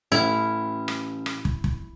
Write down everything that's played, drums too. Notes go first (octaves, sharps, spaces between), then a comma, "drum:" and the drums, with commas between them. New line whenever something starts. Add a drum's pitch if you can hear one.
A1 E4
drum: rim click
drum: rim click
drum: kick
drum: kick